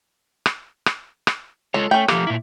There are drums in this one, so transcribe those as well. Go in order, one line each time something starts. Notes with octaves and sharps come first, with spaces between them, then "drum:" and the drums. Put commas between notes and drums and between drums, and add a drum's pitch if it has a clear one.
drum: rim click
drum: rim click
drum: rim click
G#3 F4 A4 C#5
A3 C#4 G5
F3 A#3 G4 A4, drum: rim click
A#2 E4